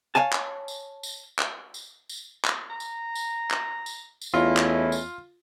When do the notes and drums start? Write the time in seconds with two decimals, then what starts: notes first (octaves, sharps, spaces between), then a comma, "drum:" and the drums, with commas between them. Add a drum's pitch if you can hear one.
0.15 C#5 F5 G#5 A5
0.33 drum: clap
0.68 drum: tambourine
1.03 drum: tambourine
1.39 drum: clap
1.74 drum: tambourine
2.09 drum: tambourine
2.45 drum: clap
2.70 A#5
2.80 drum: tambourine
3.15 drum: tambourine
3.51 drum: clap
3.86 drum: tambourine
4.22 drum: tambourine
4.34 E2 A3 C#4 E4 F4 D#5
4.57 drum: clap
4.92 drum: tambourine